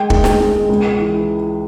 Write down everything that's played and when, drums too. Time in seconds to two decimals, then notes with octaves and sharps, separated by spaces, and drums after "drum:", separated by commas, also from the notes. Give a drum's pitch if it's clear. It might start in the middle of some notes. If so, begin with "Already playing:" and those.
Already playing: G#3 G5
0.10 G#3, drum: kick
0.24 drum: snare
0.40 G#3
0.69 C#2
0.99 E3